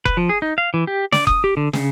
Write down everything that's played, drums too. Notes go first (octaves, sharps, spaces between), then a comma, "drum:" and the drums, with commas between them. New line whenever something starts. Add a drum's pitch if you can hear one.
B4, drum: kick F1
F3
G#4
D#4
F5
E3
G4
D5, drum: snare
D#6, drum: kick F1
G4
D3
C#3, drum: snare